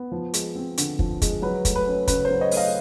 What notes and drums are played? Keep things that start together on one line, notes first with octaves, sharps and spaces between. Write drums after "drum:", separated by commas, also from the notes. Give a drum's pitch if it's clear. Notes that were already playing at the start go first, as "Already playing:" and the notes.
Already playing: B3
F3
G#3, drum: hi-hat
C4
D3, drum: hi-hat
F3, drum: kick
G#3, drum: kick, hi-hat
F#3 B4
A3, drum: kick, hi-hat
B4
C#4
C#3 B4, drum: kick, hi-hat
C5
F#3
C#5 D#5
A3, drum: open hi-hat
D#5 F5